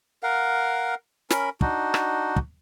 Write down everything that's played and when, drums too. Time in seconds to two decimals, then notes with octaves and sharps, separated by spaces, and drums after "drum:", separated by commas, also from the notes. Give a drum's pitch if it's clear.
0.23 A#4 F5 F#5
1.30 C#4 A#4 B5, drum: snare
1.61 D4 D#4 F#4, drum: kick
1.94 drum: rim click
2.36 drum: kick